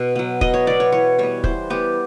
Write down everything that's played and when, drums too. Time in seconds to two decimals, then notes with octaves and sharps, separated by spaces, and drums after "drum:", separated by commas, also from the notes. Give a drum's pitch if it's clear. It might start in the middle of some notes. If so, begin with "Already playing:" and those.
Already playing: B2
0.16 F#3 B3
0.41 B2 D#5, drum: kick
0.54 C#5
0.67 F#3 B3 D5
0.80 C#5
0.92 E3 C#5
1.18 G3 B3 C#5
1.44 E3 C5, drum: kick
1.70 G3 B3 G4